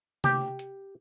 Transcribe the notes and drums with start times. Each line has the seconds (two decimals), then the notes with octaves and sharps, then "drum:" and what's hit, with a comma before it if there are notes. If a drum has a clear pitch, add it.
0.24 G4, drum: tom C3
0.59 drum: hi-hat